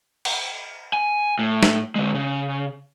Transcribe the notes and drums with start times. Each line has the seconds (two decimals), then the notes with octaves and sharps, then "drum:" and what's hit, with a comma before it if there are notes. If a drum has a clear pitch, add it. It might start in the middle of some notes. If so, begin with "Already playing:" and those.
0.25 drum: cymbal
0.94 G#5
1.39 A2
1.63 drum: snare
1.96 D3 G#3
2.14 C#3